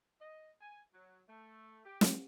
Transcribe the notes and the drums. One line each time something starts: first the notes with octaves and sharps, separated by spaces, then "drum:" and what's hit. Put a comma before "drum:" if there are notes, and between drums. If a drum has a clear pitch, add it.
D#5
G#5
F#3
A3
G4
drum: snare